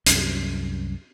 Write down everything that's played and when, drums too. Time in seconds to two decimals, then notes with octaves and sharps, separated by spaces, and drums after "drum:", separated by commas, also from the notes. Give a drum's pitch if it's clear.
0.06 C2 F#2, drum: hi-hat